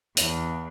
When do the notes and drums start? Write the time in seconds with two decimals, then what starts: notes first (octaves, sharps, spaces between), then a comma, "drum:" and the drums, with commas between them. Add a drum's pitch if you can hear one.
0.17 E2, drum: hi-hat